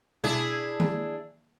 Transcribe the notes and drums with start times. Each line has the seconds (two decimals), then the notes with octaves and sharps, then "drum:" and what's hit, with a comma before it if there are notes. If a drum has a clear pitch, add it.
0.24 D4 E4 G#4, drum: tom B2
0.80 drum: tom D#3